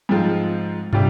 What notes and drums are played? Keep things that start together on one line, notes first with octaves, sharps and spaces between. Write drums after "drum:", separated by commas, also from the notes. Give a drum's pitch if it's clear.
G#2 F3 G#3 C4 F4
C3 G3 D4 F4, drum: tom